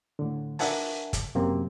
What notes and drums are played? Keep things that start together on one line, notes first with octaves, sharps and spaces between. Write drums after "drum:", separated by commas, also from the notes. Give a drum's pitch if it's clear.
A2 D3
D4 A#4 E5 F#5 G#5 A5, drum: open hi-hat
drum: kick, hi-hat
F#2 C3 A#3 C4